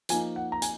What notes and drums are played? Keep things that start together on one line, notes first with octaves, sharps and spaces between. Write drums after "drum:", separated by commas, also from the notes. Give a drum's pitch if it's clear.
F3 A#3 D#4 G#5, drum: hi-hat
F#5
A#5
G#5, drum: hi-hat